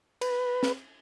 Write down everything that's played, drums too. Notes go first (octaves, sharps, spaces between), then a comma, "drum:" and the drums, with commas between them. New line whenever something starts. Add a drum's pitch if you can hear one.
B4, drum: cymbal
drum: snare